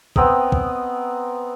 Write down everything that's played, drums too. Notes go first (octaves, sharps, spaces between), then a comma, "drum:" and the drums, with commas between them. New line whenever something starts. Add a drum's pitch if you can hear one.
B3 C4 A#4 D#5, drum: kick
drum: kick